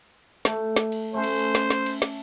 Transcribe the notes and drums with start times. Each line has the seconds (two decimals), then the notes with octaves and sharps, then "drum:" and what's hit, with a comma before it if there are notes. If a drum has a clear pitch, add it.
0.45 A3, drum: snare
0.76 drum: snare
0.92 drum: cymbal
1.14 A3 C#4 C5
1.23 drum: cymbal
1.39 drum: cymbal
1.55 drum: snare
1.70 drum: snare
1.86 drum: cymbal
2.02 drum: snare